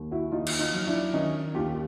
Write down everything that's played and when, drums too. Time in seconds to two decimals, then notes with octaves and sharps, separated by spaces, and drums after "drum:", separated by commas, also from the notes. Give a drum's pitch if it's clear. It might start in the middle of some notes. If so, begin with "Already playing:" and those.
Already playing: D#2
0.11 E4 F#4
0.32 D#2 D#4 F4
0.47 drum: cymbal
0.59 D#4 F4
0.73 F#3
0.87 D4 E4
1.13 D#3 C#4 D#4
1.55 D#2 F4 G4
1.68 G4